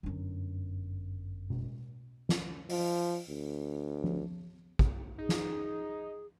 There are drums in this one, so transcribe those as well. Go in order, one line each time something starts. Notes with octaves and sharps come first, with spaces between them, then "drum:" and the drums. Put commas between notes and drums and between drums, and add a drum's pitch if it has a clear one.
G1 F#2
drum: tom B2
drum: snare
F3, drum: open hi-hat
D2
drum: tom F3
drum: kick
D#4 G#4
drum: snare